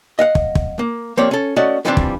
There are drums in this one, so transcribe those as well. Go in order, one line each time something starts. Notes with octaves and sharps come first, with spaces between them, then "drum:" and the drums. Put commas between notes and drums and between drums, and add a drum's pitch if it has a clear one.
D#5 F5 F#5
drum: kick
drum: kick
A#3
F3 A#3 C4 G4 C#5 D5
C#4 A4
A3 C#4 F#4 D5 D#5 F#5
D3 E3 F3 G3 C4 D4
drum: kick